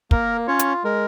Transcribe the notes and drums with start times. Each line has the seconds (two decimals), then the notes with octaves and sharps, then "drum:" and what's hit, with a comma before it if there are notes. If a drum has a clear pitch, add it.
0.11 A#3 A#4, drum: kick
0.47 C#4 F4 C#5
0.59 drum: hi-hat
0.84 G#3 A#4